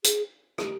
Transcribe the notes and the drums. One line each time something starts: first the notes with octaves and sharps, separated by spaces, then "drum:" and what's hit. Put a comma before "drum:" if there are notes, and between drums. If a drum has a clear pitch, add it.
G#4, drum: hi-hat
G#4, drum: rim click
G4